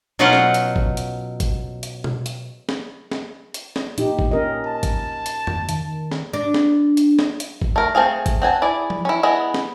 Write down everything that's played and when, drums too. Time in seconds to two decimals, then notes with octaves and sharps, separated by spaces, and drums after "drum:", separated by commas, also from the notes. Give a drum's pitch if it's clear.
0.19 B2 F#3 C#4 D#4 F4 F#5
0.33 drum: snare
0.54 drum: hi-hat
0.76 drum: kick G#1
0.97 drum: hi-hat
1.40 drum: kick G#1, hi-hat
1.83 drum: hi-hat
2.04 drum: tom B2
2.26 drum: hi-hat
2.69 drum: snare
3.11 drum: snare
3.54 drum: hi-hat
3.76 drum: snare
3.98 A#2 D#4 G4, drum: hi-hat
4.19 drum: kick G#1
4.31 C#4 A#4 D#5
4.67 A5
4.83 drum: kick G#1, hi-hat
5.26 drum: hi-hat
5.47 drum: tom F2
5.69 D#3, drum: hi-hat
6.11 drum: snare
6.33 D4
6.54 drum: snare
6.97 drum: hi-hat
7.19 drum: snare
7.40 drum: hi-hat
7.62 drum: kick G#1
7.76 A3 A#4
7.95 A3 C4 G#4 F5
8.26 drum: kick G#1, hi-hat
8.42 C4 F#5 G#5 A5
8.62 E4 G#4 D5
8.90 drum: tom F3
9.05 C#4 E4
9.23 B3 E4 G#4 D#5
9.54 drum: snare